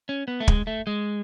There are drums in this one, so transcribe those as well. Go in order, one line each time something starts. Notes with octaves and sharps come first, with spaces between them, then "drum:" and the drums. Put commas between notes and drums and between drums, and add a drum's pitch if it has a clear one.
C#4
B3
A3
G#3, drum: kick
A3
G#3